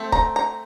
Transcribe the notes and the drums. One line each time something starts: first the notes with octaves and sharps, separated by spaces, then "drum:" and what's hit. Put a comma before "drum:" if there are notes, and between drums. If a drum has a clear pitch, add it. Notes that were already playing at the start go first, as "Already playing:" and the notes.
Already playing: A3 C4
A#5, drum: kick
A#5